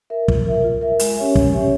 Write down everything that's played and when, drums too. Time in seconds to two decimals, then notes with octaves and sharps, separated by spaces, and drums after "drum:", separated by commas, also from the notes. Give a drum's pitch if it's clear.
0.10 A#4 E5
0.28 F4, drum: kick
0.46 A#4 E5
0.64 F4
0.81 A#4 E5
0.99 G#3, drum: hi-hat
1.17 C#4 G4 C#5 E5
1.35 G#3, drum: kick
1.53 C#4 G4 C#5 E5